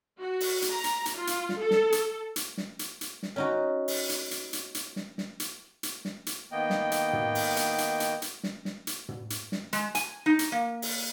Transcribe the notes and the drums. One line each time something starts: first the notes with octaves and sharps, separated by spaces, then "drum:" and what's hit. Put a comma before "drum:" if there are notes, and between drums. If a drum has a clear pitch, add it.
F#4
drum: open hi-hat
drum: hi-hat
A#5
drum: hi-hat
drum: hi-hat
F4
drum: hi-hat
drum: snare
A4
drum: snare
drum: hi-hat
drum: hi-hat
drum: snare
drum: hi-hat
drum: hi-hat
drum: snare
C#4 D#4 F#4
drum: open hi-hat
drum: hi-hat
drum: hi-hat
drum: hi-hat
drum: hi-hat
drum: snare
drum: snare
drum: hi-hat
drum: hi-hat
drum: snare
drum: hi-hat
D#3 A#3 B3 D#5 G5
drum: snare
drum: hi-hat
drum: tom
drum: open hi-hat
drum: hi-hat
drum: hi-hat
drum: hi-hat
drum: hi-hat
drum: snare
drum: snare
drum: hi-hat
drum: tom
drum: hi-hat
drum: snare
G#3, drum: hi-hat
G#5, drum: hi-hat
D#4
drum: hi-hat
A#3
drum: open hi-hat